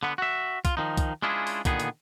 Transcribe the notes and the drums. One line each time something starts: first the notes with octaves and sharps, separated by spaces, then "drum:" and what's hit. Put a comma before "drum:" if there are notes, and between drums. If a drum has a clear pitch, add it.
D3 B3
F#4 E5
F4, drum: kick C2, hi-hat
D#3 F3 D#4
drum: kick C2, hi-hat
G#3 C#4 D4 E4 F4 G#4
drum: open hi-hat
A#2 D3 D#3 B3 G#4, drum: kick C2, hi-hat
drum: hi-hat